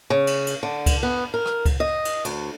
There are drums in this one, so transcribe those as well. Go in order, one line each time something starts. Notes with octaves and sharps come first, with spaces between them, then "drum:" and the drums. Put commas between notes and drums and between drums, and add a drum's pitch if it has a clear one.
C#3
drum: cymbal
drum: cymbal
D3
drum: kick C#2, cymbal
B3
A#4
drum: rim click
drum: kick C#2, cymbal
D#5
drum: cymbal
D2, drum: cymbal